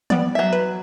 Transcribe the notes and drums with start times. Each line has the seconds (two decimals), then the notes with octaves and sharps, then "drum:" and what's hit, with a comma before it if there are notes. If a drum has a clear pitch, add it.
0.10 G3 B3 D5, drum: tom E3
0.35 F#3 E5
0.53 B4